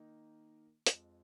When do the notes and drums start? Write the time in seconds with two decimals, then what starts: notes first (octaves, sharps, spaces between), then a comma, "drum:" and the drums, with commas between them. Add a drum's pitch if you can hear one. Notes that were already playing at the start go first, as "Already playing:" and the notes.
Already playing: D#3 A#3 D#4
0.87 F2 F3 G#3, drum: hi-hat